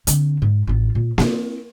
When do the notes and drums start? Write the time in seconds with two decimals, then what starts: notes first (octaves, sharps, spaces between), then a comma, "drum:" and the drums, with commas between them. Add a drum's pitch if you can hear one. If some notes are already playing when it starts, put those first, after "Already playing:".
0.07 D3 C4, drum: hi-hat
0.42 G#2
0.67 A1 F4
0.95 A#2
1.18 C4 E4, drum: snare A#3